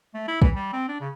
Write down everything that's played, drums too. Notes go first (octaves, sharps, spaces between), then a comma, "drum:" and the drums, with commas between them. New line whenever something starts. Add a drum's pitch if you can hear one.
A3
E4
E3, drum: kick
G3
C4
D4
C#3